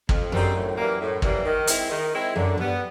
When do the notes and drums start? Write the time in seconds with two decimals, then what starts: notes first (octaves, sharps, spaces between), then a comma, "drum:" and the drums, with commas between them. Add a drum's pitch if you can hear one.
0.09 F2, drum: kick
0.32 F#2 D3 G3 C4 D#4
0.54 A2
0.77 E3 G3 A#3
1.00 A2
1.22 E3 G3 A#3, drum: kick
1.45 D#3
1.67 G#3 C4 E4, drum: hi-hat
1.90 D#3
2.13 G#3 C4 E4
2.35 F#2 D3
2.57 G2 G3 B3